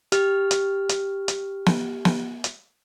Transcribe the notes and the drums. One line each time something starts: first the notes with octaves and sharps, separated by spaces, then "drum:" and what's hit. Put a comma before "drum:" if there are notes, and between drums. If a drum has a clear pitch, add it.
G4 F6, drum: hi-hat
drum: hi-hat
drum: hi-hat
drum: hi-hat
drum: snare
drum: snare
drum: hi-hat